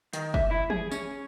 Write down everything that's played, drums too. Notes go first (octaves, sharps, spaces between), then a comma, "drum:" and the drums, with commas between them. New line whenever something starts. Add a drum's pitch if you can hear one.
D#3, drum: hi-hat
E5, drum: kick
E4
G#4, drum: tom
C#4, drum: tambourine